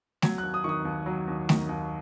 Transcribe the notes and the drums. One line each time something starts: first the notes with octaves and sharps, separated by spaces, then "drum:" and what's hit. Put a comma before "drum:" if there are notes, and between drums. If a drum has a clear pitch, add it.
F#3 G#6, drum: snare A3
F#6
D#2
D#6
D#3 C#6 D#6
D#2
F#3
D#2
D#3, drum: snare A3
D#2